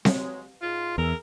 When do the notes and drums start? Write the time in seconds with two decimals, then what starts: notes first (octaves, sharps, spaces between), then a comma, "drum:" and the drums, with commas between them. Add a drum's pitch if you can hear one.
0.05 F#3 G#3, drum: snare C4
0.62 G#2 F4 C6
0.98 E2 G#4 A#4 E5